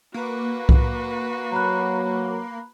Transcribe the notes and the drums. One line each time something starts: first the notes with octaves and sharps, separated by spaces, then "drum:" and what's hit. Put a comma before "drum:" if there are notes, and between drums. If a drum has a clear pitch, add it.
A#3 F#4 B4
drum: kick C2
F#3 A#5 B5 F#6